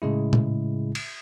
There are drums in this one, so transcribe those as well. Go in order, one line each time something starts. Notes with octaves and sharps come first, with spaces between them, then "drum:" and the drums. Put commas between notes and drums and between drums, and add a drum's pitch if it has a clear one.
A2 C#3 G#3 E4
drum: tom A#2
drum: cymbal